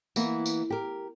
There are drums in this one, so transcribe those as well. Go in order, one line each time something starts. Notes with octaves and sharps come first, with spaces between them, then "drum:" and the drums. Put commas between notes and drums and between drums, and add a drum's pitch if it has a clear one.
E3 A#3 B3, drum: tambourine
drum: tambourine
G4 A#4